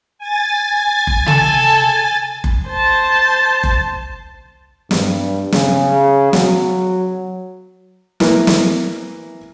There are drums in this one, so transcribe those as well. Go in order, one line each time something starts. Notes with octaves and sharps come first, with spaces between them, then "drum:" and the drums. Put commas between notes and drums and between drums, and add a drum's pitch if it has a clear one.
G#5 A6
drum: kick F#1
A4, drum: tom
drum: kick F#1
C5 A5
drum: kick F#1
G2, drum: snare
C#3, drum: snare
F#3, drum: snare
E3 A#3, drum: snare
drum: snare